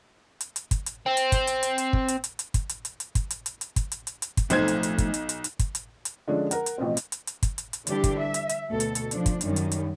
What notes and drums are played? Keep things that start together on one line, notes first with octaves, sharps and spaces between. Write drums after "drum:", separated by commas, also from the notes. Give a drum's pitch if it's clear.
drum: hi-hat
drum: hi-hat
drum: kick, hi-hat
drum: hi-hat
C4
drum: hi-hat
drum: kick, hi-hat
drum: hi-hat
drum: hi-hat
drum: hi-hat
drum: kick
drum: hi-hat
drum: hi-hat
drum: hi-hat
drum: kick, hi-hat
drum: hi-hat
drum: hi-hat
drum: hi-hat
drum: kick, hi-hat
drum: hi-hat
drum: hi-hat
drum: hi-hat
drum: kick, hi-hat
drum: hi-hat
drum: hi-hat
drum: hi-hat
drum: kick, hi-hat
B1 F2 A2 D#4 C5 G#6, drum: hi-hat
drum: hi-hat
drum: hi-hat
drum: kick, hi-hat
drum: hi-hat
drum: hi-hat
drum: hi-hat
drum: kick, hi-hat
drum: hi-hat
drum: hi-hat
D3 F3 G#3 C#4 D4
A#4 F#5, drum: hi-hat
drum: hi-hat
A1 B2 F3 C4
drum: hi-hat
drum: hi-hat
drum: hi-hat
drum: kick, hi-hat
drum: hi-hat
drum: hi-hat
D3 E3 G3 D4 G4, drum: hi-hat
drum: kick, hi-hat
E5
drum: hi-hat
drum: hi-hat
D2 B2 A4
drum: hi-hat
drum: hi-hat
F3 D4, drum: hi-hat
drum: kick, hi-hat
F#2 D#3 G3, drum: hi-hat
drum: hi-hat
drum: hi-hat